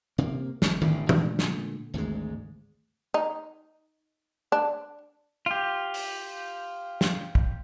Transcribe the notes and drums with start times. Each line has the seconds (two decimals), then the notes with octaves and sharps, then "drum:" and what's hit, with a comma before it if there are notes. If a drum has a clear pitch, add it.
0.18 C3 A#3
0.62 G#1 E3, drum: snare
0.82 A1 A2 C3 D#3, drum: tom D#3
1.09 A#2 D3 G#3 A3, drum: tom E3
1.39 drum: snare
1.94 G#1 D2 G#2 G#3
3.14 D#4
4.52 D4
5.46 F4 G4
5.94 drum: open hi-hat
7.01 drum: snare
7.35 drum: kick